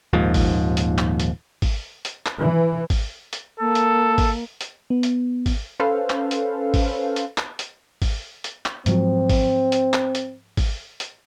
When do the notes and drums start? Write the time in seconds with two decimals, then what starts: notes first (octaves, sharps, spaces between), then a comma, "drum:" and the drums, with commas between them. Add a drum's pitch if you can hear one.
0.13 D#1 D#2 G#2 F3
0.34 drum: kick G#1, open hi-hat
0.77 drum: hi-hat
0.98 drum: clap
1.20 drum: hi-hat
1.62 drum: kick G#1, open hi-hat
2.05 drum: hi-hat
2.26 drum: clap
2.39 E3
2.90 drum: kick G#1, open hi-hat
3.33 drum: hi-hat
3.60 A#3 A4
3.75 drum: hi-hat
4.18 drum: kick G#1, open hi-hat
4.61 drum: hi-hat
4.90 B3
5.03 drum: hi-hat
5.46 drum: kick G#1, open hi-hat
5.80 C#4 A4 B4 C5 F5
6.10 drum: clap
6.31 drum: hi-hat
6.74 drum: kick G#1, open hi-hat
7.16 drum: hi-hat
7.38 drum: clap
7.59 drum: hi-hat
8.02 drum: kick G#1, open hi-hat
8.44 drum: hi-hat
8.66 drum: clap
8.86 G#2 F3 F#3 C4, drum: hi-hat
9.30 drum: kick G#1, open hi-hat
9.72 drum: hi-hat
9.93 drum: clap
10.15 drum: hi-hat
10.57 drum: kick G#1, open hi-hat
11.00 drum: hi-hat